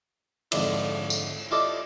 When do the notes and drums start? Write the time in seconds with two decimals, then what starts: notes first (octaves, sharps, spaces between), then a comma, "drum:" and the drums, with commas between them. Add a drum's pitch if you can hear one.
0.52 F2 G#2 D3 F3 D4 E4, drum: cymbal
1.10 drum: tambourine
1.51 E4 F4 G4 A4 D5 D#5